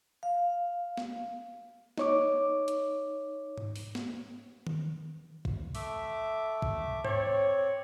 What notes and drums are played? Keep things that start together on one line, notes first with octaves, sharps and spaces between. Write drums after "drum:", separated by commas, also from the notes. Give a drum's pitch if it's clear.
F5
drum: snare
D#4 C#5 D6, drum: snare
drum: hi-hat
drum: tom G#2
drum: open hi-hat
drum: snare
drum: tom D#3
drum: kick
A3 E5 D6, drum: open hi-hat
drum: kick
C4 C#5 D5, drum: tom G#2